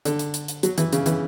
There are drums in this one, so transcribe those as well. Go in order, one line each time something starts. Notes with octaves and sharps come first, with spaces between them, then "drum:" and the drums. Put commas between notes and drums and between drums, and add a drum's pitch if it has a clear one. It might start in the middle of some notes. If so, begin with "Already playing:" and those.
D3, drum: hi-hat
drum: hi-hat
drum: hi-hat
drum: hi-hat
F#3, drum: hi-hat
E3, drum: hi-hat
C#3, drum: hi-hat
E3, drum: hi-hat